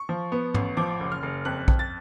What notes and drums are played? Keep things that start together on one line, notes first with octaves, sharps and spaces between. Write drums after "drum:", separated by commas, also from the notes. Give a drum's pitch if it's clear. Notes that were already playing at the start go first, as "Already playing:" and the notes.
Already playing: C#6
F3
B3
A1, drum: tom
F3 D6
F#1
F6
F#1
F2 F#6
F2, drum: kick A#1
A6